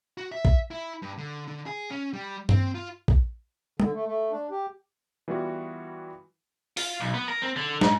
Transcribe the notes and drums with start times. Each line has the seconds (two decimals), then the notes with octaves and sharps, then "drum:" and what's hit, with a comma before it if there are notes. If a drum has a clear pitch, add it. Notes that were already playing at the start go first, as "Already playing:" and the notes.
0.18 F#4
0.32 E5
0.45 drum: kick A#1
0.71 E4
1.02 G2
1.18 D3
1.47 D3
1.66 G#4
1.91 C#4
2.13 G3
2.49 C4, drum: tom G2
2.75 F4
3.08 drum: kick A#1
3.80 D3, drum: tom
3.94 A3
4.06 A3
4.32 D4
4.51 G4
5.28 E3 G3 B3 F4 F#4
6.77 F4, drum: open hi-hat
7.00 B1
7.14 B3
7.28 A#4
7.42 C4
7.56 D3
7.81 G#2, drum: snare